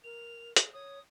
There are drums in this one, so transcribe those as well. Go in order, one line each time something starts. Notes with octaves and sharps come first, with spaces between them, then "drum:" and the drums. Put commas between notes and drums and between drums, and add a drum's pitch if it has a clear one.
A#4 F7
G#4, drum: hi-hat
C#5 D#6